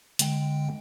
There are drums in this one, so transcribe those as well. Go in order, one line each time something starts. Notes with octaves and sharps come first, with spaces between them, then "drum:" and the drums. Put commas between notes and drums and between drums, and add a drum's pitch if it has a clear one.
D3 G#3 G5, drum: hi-hat